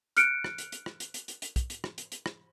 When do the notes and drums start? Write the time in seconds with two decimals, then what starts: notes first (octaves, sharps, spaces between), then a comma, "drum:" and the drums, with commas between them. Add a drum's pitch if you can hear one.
0.17 F6 F#6 C#7 D7, drum: hi-hat
0.44 drum: rim click
0.58 drum: hi-hat
0.72 drum: hi-hat
0.86 drum: rim click
1.00 drum: hi-hat
1.14 drum: hi-hat
1.28 drum: hi-hat
1.42 drum: hi-hat
1.56 drum: kick, hi-hat
1.70 drum: hi-hat
1.84 drum: rim click
1.98 drum: hi-hat
2.12 drum: hi-hat
2.26 drum: rim click